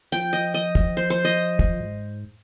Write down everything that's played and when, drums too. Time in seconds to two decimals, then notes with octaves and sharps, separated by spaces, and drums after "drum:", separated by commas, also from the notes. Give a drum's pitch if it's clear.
0.12 F3 G5
0.33 D#5
0.54 D#5
0.75 drum: kick
0.97 C5
1.10 C5
1.25 D#5
1.59 drum: kick
1.80 G#2